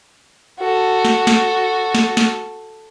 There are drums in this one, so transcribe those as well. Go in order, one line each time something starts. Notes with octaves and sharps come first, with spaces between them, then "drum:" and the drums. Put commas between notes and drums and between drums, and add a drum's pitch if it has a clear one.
F#4 A4
drum: snare
drum: snare
drum: snare
drum: snare